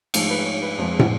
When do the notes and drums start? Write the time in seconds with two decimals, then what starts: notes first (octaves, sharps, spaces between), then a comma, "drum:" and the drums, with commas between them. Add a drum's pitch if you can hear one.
0.14 G#2 F3 A3, drum: cymbal
0.30 B4
0.46 C#5
0.62 B4
0.78 F2 F3 G#3
0.99 drum: tom